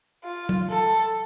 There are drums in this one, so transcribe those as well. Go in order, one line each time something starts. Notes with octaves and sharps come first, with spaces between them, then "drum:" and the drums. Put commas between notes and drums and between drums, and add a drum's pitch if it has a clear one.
F4
drum: tom
A4